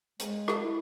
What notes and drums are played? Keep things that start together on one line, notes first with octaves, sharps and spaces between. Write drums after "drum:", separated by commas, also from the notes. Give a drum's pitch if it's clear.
G#3, drum: hi-hat
drum: rim click
E4